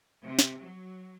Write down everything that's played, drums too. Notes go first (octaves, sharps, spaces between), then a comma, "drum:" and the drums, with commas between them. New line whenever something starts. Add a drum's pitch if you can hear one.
C3
drum: snare
F#3